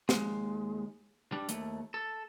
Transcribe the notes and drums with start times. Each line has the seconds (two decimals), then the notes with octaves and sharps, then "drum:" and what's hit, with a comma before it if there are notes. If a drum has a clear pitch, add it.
0.09 D#2 G#3, drum: snare
1.32 G3 D4
1.49 D#2 A3, drum: hi-hat
1.94 A4